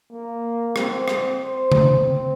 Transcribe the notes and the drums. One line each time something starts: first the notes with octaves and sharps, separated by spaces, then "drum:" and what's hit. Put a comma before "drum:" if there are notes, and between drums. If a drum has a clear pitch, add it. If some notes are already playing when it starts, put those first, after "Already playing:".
A#3
C4, drum: rim click
drum: rim click
C5
drum: tom C#3
C4